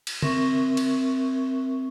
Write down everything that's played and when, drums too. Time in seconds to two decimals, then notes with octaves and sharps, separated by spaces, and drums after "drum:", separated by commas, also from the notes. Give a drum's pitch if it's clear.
0.07 drum: cymbal
0.22 C4 A#4 E5 C#6, drum: tom
0.77 drum: cymbal